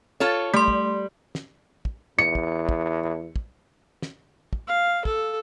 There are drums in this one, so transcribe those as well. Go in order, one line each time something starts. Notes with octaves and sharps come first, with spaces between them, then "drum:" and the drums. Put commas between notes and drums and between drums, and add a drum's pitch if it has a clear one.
F4 A4 C#5
G3 A3 C6
drum: kick
drum: snare
drum: kick
E2 C#7
drum: kick
drum: kick
drum: kick
drum: snare
drum: kick
F5
A4, drum: kick